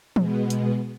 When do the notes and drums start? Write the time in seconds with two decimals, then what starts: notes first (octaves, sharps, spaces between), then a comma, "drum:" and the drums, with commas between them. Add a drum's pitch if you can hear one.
0.16 B2 G#3 B3, drum: tom E3
0.50 drum: hi-hat